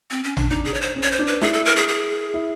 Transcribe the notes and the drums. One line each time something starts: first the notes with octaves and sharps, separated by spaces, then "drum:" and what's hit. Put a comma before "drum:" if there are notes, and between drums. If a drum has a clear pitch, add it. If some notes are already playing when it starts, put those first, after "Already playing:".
C4
C#4
D4, drum: tom A1
D4 D#4
G#4
C#5
C5
C#4
C#5
C5
D4
B4
E4 G#4, drum: snare
A4
A#4
G#4
G#4
E4